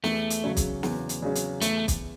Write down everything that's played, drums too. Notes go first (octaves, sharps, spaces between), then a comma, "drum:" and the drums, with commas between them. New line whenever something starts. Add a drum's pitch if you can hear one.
E2 A3, drum: snare
drum: hi-hat
C#3 F#3 C#4
drum: kick, hi-hat
E2, drum: snare
drum: hi-hat
C#3 F#3 C#4
drum: hi-hat
E2 A3, drum: hi-hat
drum: kick, hi-hat